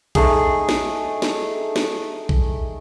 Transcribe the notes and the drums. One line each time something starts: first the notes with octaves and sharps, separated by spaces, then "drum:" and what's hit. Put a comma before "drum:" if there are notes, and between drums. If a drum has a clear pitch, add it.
A3 D#4 G#4, drum: kick A#1, cymbal
drum: snare
drum: snare
drum: snare
drum: kick A#1